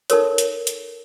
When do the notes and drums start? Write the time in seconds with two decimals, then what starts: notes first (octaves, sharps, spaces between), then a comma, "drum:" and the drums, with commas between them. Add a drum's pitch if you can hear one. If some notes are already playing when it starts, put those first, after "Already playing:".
0.10 D#4 A4 A#4 C#5, drum: hi-hat
0.38 drum: hi-hat
0.67 drum: hi-hat